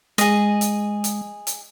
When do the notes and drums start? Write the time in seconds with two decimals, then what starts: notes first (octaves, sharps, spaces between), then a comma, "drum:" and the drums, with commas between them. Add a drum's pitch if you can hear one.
0.18 G#3 G#4 D#5, drum: hi-hat
0.61 drum: hi-hat
1.04 drum: hi-hat
1.47 drum: hi-hat